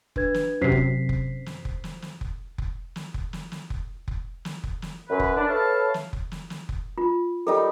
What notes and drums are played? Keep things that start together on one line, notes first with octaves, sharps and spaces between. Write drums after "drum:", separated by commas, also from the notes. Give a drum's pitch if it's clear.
D4 B4 G#6, drum: kick F1
drum: snare
F#2 C3 C5 B6 C7
drum: kick F1
drum: kick F1
drum: snare
drum: kick F1
drum: snare
drum: snare
drum: kick F1
drum: kick F1
drum: snare
drum: kick F1
drum: snare
drum: snare
drum: kick F1
drum: kick F1
drum: snare
drum: kick F1
drum: snare
F#2 B4
drum: kick F1
D4
A4 B4 C#5 E5 F5 A5
drum: snare
drum: kick F1
drum: snare
drum: snare
drum: kick F1
F4
G3 D#4 A4 A#4